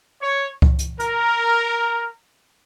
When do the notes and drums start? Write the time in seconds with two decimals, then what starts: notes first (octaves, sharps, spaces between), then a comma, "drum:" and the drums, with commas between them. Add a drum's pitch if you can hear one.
0.21 C#5
0.62 drum: kick C#2
0.79 drum: hi-hat
1.00 A#4, drum: hi-hat